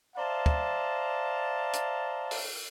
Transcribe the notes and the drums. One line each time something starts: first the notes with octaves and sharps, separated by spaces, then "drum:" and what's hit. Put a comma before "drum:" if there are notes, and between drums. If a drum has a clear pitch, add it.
C5 D5 E5 F5 A5 A#5
drum: kick
drum: hi-hat
drum: open hi-hat